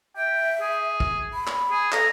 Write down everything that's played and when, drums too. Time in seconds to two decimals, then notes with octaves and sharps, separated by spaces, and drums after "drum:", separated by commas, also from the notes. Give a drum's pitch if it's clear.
0.17 E5 G5
0.61 G#4
1.00 drum: kick
1.33 B5
1.47 drum: clap
1.71 G#4
1.92 A4 A#5, drum: clap